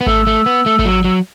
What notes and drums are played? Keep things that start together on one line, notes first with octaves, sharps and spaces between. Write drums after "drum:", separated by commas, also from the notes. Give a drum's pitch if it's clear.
B3
A3 E6, drum: kick G#1
A3
B3
A3
A3, drum: kick G#1
F#3
F#3